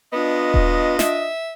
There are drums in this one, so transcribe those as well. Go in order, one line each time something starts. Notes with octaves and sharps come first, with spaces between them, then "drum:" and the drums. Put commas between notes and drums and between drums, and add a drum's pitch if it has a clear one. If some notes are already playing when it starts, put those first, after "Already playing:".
B3 D4 F4 D#5
drum: kick D#1
E5, drum: snare